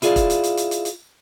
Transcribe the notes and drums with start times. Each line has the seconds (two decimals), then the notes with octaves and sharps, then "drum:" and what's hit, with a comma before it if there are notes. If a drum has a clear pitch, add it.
0.02 E4 F4 G#4 D5 F5, drum: hi-hat
0.16 drum: kick E1, hi-hat
0.30 drum: hi-hat
0.44 drum: hi-hat
0.57 drum: hi-hat
0.71 drum: hi-hat
0.85 drum: hi-hat